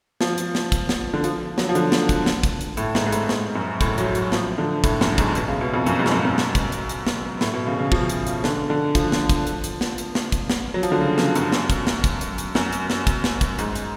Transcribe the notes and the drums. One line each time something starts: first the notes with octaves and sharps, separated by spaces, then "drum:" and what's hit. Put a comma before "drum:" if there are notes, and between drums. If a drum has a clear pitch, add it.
F3, drum: snare
drum: hi-hat
drum: snare
drum: kick, hi-hat
drum: snare
D3
F3, drum: hi-hat
F#3, drum: snare
F3
D3, drum: hi-hat
drum: snare
drum: kick, hi-hat
drum: snare
drum: kick, hi-hat
drum: hi-hat
A2, drum: hi-hat
G#2, drum: snare
G#2
A2, drum: hi-hat
G#2, drum: snare
F#2
A2, drum: kick, hi-hat
F#3, drum: hi-hat
drum: hi-hat
F3, drum: snare
D3
A2, drum: kick, hi-hat
F#2, drum: snare
G#2, drum: kick, hi-hat
B2, drum: hi-hat
C#3
B2
F2
F#2, drum: hi-hat
G#2
F2, drum: snare
F#2
F#2
drum: snare
drum: kick, hi-hat
drum: hi-hat
drum: hi-hat
drum: snare
A2, drum: snare
B2
C#3
C#3
F3, drum: kick
drum: hi-hat
drum: hi-hat
D3, drum: snare
D3
F3, drum: kick, hi-hat
drum: snare
drum: kick, hi-hat
drum: hi-hat
drum: hi-hat
drum: snare
drum: hi-hat
drum: snare
drum: kick, hi-hat
drum: snare
F#3
F3, drum: hi-hat
D3
C#3
C#3, drum: snare
F#2, drum: hi-hat
drum: snare
drum: kick, hi-hat
drum: snare
drum: kick, hi-hat
drum: hi-hat
drum: hi-hat
F#2, drum: snare
drum: hi-hat
drum: snare
drum: kick, hi-hat
drum: snare
drum: kick, hi-hat
G#2, drum: hi-hat
drum: hi-hat